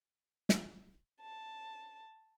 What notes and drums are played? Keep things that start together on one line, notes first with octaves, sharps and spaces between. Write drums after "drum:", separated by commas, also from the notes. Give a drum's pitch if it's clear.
drum: snare
A5